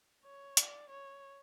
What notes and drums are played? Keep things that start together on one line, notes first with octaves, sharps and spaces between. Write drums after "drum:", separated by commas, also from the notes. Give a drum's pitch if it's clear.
C#5
D5, drum: hi-hat
C#5